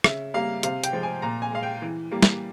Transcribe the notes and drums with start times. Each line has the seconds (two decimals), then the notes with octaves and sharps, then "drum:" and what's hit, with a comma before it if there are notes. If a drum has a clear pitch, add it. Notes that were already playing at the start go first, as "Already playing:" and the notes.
0.04 C#3 E5, drum: rim click
0.34 G3 A#3 F5
0.63 C3 F5, drum: hi-hat
0.84 G5, drum: hi-hat
0.93 F3 G#3
1.03 G#5
1.22 A#2 A#5
1.42 G#5
1.52 G#3 F5
1.63 G5
1.82 E3
2.12 G3 A#3
2.23 drum: snare